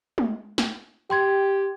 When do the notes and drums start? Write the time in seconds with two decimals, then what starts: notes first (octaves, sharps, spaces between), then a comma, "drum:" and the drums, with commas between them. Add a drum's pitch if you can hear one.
0.18 drum: tom G#3
0.58 drum: snare
1.10 G4 G5 C6 G#6